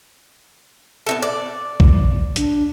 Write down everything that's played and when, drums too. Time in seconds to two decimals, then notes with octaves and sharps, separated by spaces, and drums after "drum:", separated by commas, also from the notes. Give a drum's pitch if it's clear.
1.06 B3 D#4 A4
1.22 D5
1.80 drum: kick B1
2.36 D4, drum: hi-hat